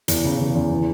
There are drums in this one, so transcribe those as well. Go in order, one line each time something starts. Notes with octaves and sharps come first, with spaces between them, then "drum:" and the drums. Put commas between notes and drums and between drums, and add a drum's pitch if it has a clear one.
E2, drum: hi-hat
C#3
C#3
E2
E3